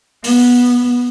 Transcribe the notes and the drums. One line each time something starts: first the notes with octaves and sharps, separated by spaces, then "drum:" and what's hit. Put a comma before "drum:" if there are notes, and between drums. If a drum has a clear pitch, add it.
B3, drum: open hi-hat